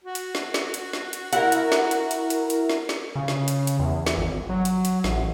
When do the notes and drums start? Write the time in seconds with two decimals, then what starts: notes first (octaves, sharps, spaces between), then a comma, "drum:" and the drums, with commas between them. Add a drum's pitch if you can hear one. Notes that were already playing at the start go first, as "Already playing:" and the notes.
0.04 F#4
0.15 drum: hi-hat
0.35 drum: snare
0.54 drum: snare
0.74 drum: hi-hat
0.93 drum: snare
1.13 drum: hi-hat
1.33 E4 A#4 F#5, drum: hi-hat
1.52 drum: hi-hat
1.72 drum: snare
1.91 drum: hi-hat
2.11 drum: hi-hat
2.30 drum: hi-hat
2.50 drum: hi-hat
2.70 drum: snare
2.89 drum: snare
3.16 C#3
3.28 drum: snare
3.48 drum: hi-hat
3.67 drum: hi-hat
3.79 E2
4.06 drum: snare
4.18 G#1
4.49 F#3
4.65 drum: hi-hat
4.85 drum: hi-hat
5.04 A1, drum: snare